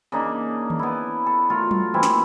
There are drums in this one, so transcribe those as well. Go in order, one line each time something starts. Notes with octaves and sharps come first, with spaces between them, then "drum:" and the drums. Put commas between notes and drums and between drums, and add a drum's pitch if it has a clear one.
C#3 A#3 D4 D#4
drum: tom D#3
B3 E4
A4
A3 F4 F#4 A#4
drum: tom F#3
E3 A#3 C4 E4
drum: snare